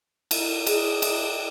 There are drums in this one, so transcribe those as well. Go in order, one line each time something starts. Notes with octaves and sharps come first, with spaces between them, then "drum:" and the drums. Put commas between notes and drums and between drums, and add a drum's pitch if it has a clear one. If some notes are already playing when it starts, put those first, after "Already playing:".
drum: cymbal
G#4, drum: cymbal
drum: cymbal